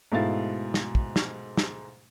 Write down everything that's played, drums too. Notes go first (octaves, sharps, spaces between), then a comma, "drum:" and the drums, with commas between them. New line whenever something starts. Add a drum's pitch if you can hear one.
G#2 B2 A3 E4 F5 A6
drum: snare
drum: kick
drum: snare
drum: snare